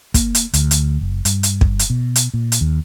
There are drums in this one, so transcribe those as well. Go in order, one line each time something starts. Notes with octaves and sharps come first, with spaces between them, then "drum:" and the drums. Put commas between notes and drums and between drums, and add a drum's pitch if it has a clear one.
A#3, drum: kick, hi-hat
drum: hi-hat
D2, drum: hi-hat
drum: hi-hat
F#1
G2, drum: hi-hat
drum: hi-hat
drum: kick
drum: hi-hat
B2
drum: hi-hat
A#2
drum: hi-hat
D#2